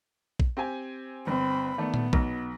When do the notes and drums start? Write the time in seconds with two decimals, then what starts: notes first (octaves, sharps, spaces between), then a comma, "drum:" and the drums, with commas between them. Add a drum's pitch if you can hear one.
0.40 drum: kick
0.57 C4 G4 G#5
1.27 G1 C4 B5
1.78 D#3 A3 B3 D5
1.94 drum: tom A#2
2.13 B1, drum: kick